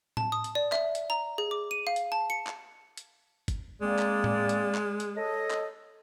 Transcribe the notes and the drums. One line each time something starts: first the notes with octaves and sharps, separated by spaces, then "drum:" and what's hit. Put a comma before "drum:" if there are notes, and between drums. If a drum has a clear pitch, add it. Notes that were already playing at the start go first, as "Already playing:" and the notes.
A5, drum: tom A2
D#6
drum: hi-hat
D5
E5, drum: clap
drum: hi-hat
A#5
G#4
D6
D#7
F5
drum: hi-hat
A5
C#7
drum: clap
drum: hi-hat
drum: kick, hi-hat
G#3 A#3 C4 D5
drum: clap
drum: tom A2
drum: hi-hat
drum: clap
drum: hi-hat
A4 C#5 D#5
drum: clap